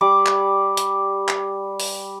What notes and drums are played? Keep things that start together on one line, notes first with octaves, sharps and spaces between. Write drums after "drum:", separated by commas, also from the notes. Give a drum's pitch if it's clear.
G3 D5 D6
drum: clap
drum: hi-hat
drum: clap
drum: open hi-hat